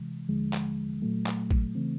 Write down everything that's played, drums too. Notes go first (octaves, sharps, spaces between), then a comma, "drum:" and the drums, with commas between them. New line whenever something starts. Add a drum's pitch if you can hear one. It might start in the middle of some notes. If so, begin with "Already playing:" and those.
Already playing: C3 E3 G#3
D#2 D3 F3 G#3
drum: clap
A#2 F#3 A3
drum: clap
drum: kick
C#3 E3 A3 C4